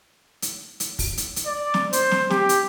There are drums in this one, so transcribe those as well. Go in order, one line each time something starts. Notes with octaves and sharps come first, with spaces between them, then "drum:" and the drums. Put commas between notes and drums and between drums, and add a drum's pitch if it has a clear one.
drum: hi-hat
drum: hi-hat
drum: kick, open hi-hat
drum: hi-hat
drum: hi-hat
D5
drum: snare
C5, drum: hi-hat
drum: snare
G4, drum: snare
drum: hi-hat